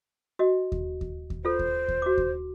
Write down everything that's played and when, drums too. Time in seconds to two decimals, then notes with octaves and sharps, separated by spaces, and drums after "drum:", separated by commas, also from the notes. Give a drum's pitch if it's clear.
0.39 F#4 D#5
0.72 drum: kick D#2
1.01 drum: kick D#2
1.30 drum: kick D#2
1.45 F4 A4 C5
1.59 drum: kick D#2
1.88 drum: kick D#2
2.02 F#4 D6
2.18 drum: kick D#2